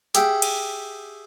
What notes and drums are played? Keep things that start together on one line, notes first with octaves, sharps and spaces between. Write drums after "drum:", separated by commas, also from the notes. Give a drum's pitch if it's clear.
G4 G#4 E5 F#5 G5, drum: hi-hat
drum: cymbal